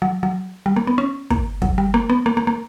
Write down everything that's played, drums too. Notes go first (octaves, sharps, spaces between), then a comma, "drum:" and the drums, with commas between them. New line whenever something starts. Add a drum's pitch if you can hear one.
F#3
F#3
G3
A#3
B3
C#4
A#3, drum: kick
F#3, drum: kick
G3
A#3
B3
A#3
A#3
A#3